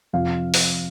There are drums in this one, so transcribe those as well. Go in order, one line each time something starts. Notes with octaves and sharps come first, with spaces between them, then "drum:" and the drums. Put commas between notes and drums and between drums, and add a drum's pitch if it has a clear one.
F2 C3 F3 F5
drum: open hi-hat